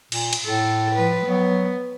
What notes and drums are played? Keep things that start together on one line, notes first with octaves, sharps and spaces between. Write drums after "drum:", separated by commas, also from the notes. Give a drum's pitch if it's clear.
A#2, drum: cymbal
drum: cymbal
A2 A4
F3 B4
F#3 B3